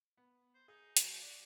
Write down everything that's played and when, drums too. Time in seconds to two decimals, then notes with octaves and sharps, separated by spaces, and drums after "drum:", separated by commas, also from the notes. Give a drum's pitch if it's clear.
0.17 B3
0.55 C5
0.68 D#4 G#4
0.97 F#3, drum: hi-hat
1.21 F#4 D5